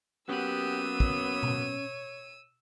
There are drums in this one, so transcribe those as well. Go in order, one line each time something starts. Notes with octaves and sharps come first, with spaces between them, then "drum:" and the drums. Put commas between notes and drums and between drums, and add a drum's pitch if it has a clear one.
F#3 A#3 B3 C#4 G4 F#5 E6 D#7
C#5, drum: kick
drum: tom B2